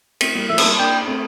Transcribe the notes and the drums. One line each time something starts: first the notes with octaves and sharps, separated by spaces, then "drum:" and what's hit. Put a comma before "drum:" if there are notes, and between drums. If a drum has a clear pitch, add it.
A3 C4, drum: cymbal
G3 A#3
F3 A3 E5
C4, drum: cymbal
G3 A#3
A#3 D4 G5
D4
A3 C4